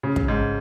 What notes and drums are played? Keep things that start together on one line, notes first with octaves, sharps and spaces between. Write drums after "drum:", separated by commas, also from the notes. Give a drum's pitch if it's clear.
C#3
drum: kick
G#2